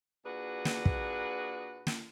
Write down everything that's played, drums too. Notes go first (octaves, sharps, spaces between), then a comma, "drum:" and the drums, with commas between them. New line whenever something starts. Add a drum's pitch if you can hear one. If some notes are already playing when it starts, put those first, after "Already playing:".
A#2 D4 F#4 G#4 B4
drum: snare
drum: kick
drum: snare